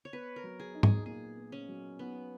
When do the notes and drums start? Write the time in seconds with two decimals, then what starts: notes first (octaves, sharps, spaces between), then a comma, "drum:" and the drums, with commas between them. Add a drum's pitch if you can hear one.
0.05 C#5
0.13 B3 B4
0.36 A#4
0.44 F#3
0.60 G#4
0.75 D#4
0.83 G#4, drum: tom
1.06 A#2 G#4
1.37 B3
1.52 C#4
1.69 F#3
1.99 B3 D#4